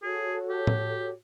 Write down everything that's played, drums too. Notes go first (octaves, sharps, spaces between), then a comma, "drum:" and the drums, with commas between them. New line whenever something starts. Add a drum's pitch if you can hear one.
F#4 G#4 A4 C#5
G4
drum: tom A2